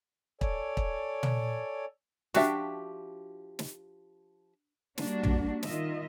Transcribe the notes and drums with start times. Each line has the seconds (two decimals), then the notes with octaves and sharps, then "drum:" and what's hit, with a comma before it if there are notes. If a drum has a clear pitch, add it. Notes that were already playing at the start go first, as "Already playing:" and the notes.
0.41 A4 C#5 D5 G#5, drum: kick
0.77 drum: kick
1.23 drum: tom
2.34 F3 D4 F#4 G4 E5, drum: snare
3.59 drum: snare
4.98 G3 A#3 D4 F#4, drum: snare
5.23 drum: tom B1
5.63 D#3 F4 D#5 E5, drum: snare